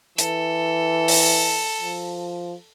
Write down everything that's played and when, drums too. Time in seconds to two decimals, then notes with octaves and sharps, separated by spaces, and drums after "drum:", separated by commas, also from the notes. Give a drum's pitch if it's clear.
0.18 E3 A4, drum: hi-hat
1.08 drum: open hi-hat
1.81 F3